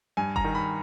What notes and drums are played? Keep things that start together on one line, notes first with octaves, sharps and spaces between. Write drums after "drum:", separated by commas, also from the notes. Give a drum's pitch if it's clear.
G2 G#5
A#5, drum: kick F#1
D#3
B5